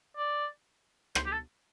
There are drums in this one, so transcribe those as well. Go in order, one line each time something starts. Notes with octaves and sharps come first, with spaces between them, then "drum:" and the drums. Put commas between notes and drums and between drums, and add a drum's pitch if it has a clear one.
D5
C5, drum: rim click
G4
A4